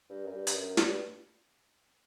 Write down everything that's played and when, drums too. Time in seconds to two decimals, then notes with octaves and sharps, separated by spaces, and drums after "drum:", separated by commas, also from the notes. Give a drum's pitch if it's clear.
0.09 G2
0.25 F#2
0.31 G2
0.47 G2, drum: hi-hat
0.54 F#2
0.77 G2, drum: snare